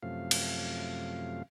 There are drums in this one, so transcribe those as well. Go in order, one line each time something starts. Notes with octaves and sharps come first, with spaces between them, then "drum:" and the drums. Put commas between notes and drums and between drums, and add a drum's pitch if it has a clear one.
F#2 C3 F3 A3 F5
drum: cymbal